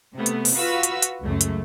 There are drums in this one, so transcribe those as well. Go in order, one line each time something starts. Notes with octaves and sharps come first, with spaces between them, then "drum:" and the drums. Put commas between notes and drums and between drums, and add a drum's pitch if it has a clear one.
C3 A3 B3
drum: hi-hat
drum: open hi-hat
F4 F#4 B4 F5 E6
drum: hi-hat
drum: hi-hat
C#2 F#2 A3
drum: hi-hat